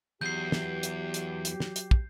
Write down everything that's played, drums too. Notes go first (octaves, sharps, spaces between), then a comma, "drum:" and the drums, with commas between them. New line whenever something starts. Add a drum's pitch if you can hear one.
E2 F#3 G4 G6 C7
drum: snare
drum: hi-hat
drum: hi-hat
drum: hi-hat
drum: snare
drum: hi-hat
drum: kick